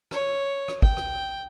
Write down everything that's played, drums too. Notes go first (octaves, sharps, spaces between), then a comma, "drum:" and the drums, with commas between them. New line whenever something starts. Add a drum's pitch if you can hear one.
C#5, drum: rim click
drum: rim click
G5, drum: kick
drum: rim click